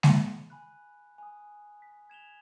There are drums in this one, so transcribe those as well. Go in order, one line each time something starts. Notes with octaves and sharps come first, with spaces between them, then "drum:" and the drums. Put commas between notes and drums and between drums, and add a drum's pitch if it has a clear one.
E6, drum: snare G#3
G#5 B5 F#6
G#5 D#6
B6
G#6 E7 F7 G7